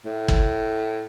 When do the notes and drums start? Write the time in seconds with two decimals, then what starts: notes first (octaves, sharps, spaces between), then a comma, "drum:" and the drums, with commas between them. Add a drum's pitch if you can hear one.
0.05 A2
0.28 drum: kick